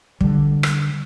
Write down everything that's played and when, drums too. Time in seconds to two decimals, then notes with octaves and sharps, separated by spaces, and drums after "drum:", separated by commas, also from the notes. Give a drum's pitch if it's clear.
0.21 D3 G3, drum: kick
0.63 drum: rim click